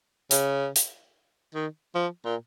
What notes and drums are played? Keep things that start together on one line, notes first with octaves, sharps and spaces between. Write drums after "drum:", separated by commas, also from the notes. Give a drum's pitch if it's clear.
C#3, drum: hi-hat
drum: hi-hat
D#3
F3
A#2